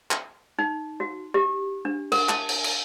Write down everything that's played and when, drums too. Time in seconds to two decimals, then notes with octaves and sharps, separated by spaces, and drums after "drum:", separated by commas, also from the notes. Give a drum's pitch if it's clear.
0.11 drum: clap
0.59 D#4
1.00 F#4
1.34 G4
1.85 D4
2.12 A#4, drum: cymbal
2.29 A5, drum: clap
2.49 drum: cymbal
2.64 drum: cymbal